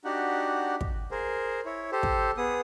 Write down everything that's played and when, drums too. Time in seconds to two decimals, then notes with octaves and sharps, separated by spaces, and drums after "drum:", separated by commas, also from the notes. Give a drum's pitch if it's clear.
0.05 D4 D#4 F#4 G4 F#5
0.81 drum: kick
1.11 G#4 A#4 C5
1.66 E4 C#5
1.92 G4 A4 C5
2.03 drum: kick
2.37 B3 G#4 D#6